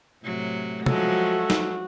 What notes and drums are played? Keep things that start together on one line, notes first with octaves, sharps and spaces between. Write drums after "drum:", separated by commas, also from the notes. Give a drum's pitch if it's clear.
A2 C3 F#3
F3 F#3 G#3 F#4 A4 E5, drum: tom
drum: snare